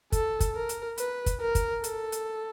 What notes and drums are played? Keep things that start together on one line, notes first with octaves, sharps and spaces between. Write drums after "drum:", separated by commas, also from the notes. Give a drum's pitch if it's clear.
A4, drum: kick, hi-hat
drum: kick, hi-hat
A#4
drum: hi-hat
B4, drum: hi-hat
drum: kick, hi-hat
A#4
drum: kick, hi-hat
A4, drum: hi-hat
drum: hi-hat